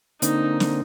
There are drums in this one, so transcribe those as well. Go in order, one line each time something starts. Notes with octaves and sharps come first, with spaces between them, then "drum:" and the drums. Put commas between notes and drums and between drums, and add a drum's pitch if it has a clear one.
D3 A#3 C4 D#4, drum: hi-hat
drum: snare